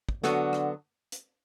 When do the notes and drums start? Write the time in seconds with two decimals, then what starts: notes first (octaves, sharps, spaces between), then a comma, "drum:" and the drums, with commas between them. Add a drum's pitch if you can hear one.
0.09 drum: kick
0.23 D3 F#3 B3 F#4 A4, drum: snare
0.53 drum: rim click
1.12 drum: hi-hat